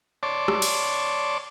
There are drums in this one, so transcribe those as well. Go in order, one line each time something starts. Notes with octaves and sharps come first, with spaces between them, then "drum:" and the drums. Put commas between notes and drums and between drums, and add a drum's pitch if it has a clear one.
C#5 D5 A5 C6 D6
drum: rim click
drum: cymbal